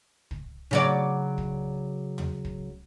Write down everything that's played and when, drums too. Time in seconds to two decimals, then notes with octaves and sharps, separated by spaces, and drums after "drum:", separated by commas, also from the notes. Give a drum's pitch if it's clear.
0.31 drum: kick
0.71 C#3 F#3 D5
1.38 drum: kick
2.18 drum: tom
2.45 drum: kick